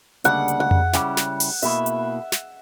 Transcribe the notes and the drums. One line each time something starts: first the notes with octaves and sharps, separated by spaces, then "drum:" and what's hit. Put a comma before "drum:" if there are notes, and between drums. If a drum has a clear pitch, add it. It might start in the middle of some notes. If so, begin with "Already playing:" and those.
D2 C#3 G3 A#3 D4 F#5, drum: hi-hat
drum: hi-hat
F#5
drum: tom F2
C#3 G3 C#4 E4 G4, drum: snare
drum: snare
drum: open hi-hat
B2 A#3 E4 E5, drum: hi-hat
drum: hi-hat
drum: snare